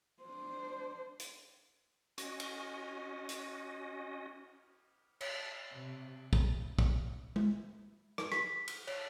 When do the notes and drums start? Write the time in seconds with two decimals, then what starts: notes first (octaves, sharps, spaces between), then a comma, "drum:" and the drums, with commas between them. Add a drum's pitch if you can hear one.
0.23 D4 C5
1.19 drum: hi-hat
2.18 C#4 F#4 D#5, drum: hi-hat
2.40 drum: cymbal
3.29 drum: hi-hat
5.21 C#5, drum: cymbal
5.72 C3
6.33 drum: kick
6.79 drum: kick
7.36 drum: tom G#3
8.18 drum: rim click
8.32 B6, drum: rim click
8.68 drum: cymbal
8.87 C#5, drum: cymbal